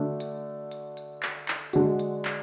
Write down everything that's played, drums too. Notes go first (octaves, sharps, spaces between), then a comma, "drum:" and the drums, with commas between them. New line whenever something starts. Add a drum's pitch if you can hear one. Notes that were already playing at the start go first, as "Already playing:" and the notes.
Already playing: D3 A3 D4 F#4
drum: hi-hat
drum: hi-hat
drum: hi-hat
drum: clap
drum: clap
D3 G#3 D4 F#4, drum: hi-hat
drum: hi-hat
drum: clap